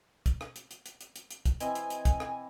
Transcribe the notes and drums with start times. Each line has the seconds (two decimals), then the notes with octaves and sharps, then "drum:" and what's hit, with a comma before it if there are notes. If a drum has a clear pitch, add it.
0.26 drum: kick, hi-hat
0.41 drum: rim click
0.56 drum: hi-hat
0.71 drum: hi-hat
0.86 drum: hi-hat
1.01 drum: hi-hat
1.16 drum: hi-hat
1.31 drum: hi-hat
1.45 drum: kick, hi-hat
1.60 E3 C4 D#5 G#5, drum: hi-hat
1.75 drum: hi-hat
1.90 drum: hi-hat
2.05 drum: kick, hi-hat
2.20 drum: rim click